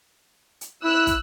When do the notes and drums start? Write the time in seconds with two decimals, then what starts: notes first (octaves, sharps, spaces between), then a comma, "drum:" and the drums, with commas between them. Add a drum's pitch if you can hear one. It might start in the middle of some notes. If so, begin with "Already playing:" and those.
0.61 drum: hi-hat
0.84 E4 E6 F#6
1.07 drum: kick, hi-hat